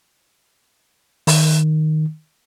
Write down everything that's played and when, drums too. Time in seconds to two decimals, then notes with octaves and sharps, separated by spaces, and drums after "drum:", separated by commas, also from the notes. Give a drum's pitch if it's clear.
1.27 D#3, drum: open hi-hat